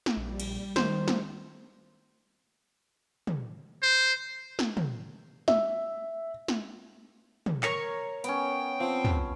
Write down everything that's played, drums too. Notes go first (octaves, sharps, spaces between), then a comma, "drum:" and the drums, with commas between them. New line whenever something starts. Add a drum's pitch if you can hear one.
drum: snare
A#1 G3
drum: cymbal
D#3 C5, drum: snare
drum: snare
drum: tom
C5
drum: snare
drum: tom
E5, drum: snare
drum: snare
drum: tom
A#4 C#5 C#6, drum: clap
B3 C#4 G5, drum: hi-hat
F3 C4
drum: tom